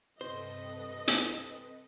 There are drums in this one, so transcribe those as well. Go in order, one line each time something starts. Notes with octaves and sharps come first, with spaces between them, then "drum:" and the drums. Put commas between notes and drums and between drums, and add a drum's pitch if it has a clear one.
G2 C3 C4 A4 B4 C5 D#5
drum: hi-hat